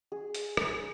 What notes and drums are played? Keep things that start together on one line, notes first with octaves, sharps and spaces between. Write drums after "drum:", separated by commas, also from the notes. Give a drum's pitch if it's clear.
G#4
drum: hi-hat
drum: rim click